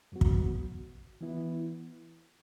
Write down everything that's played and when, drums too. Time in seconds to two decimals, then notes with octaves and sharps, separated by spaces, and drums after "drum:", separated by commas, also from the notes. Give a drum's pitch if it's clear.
0.12 F#2 F#3 B3 F#4
0.21 drum: kick
1.21 E3 B3 E4